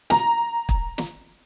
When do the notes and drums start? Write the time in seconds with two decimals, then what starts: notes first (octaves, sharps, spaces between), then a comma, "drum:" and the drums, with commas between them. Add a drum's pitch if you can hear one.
0.10 A#5, drum: snare
0.69 drum: kick
0.98 drum: snare